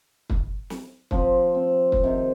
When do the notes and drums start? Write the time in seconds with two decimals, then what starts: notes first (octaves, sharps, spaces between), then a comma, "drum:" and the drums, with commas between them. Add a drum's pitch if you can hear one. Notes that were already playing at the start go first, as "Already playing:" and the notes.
0.30 drum: kick
0.70 drum: snare
1.11 F3 C4, drum: kick
1.55 C4
1.92 drum: kick
2.04 C3 D#3